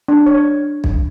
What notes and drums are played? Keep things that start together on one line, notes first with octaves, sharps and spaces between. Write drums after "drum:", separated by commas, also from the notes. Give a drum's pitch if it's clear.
D4
C#5
drum: kick B1